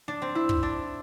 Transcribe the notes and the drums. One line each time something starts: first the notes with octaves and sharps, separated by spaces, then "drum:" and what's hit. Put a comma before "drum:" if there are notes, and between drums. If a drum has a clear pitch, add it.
D4
C4
E4
drum: kick
D4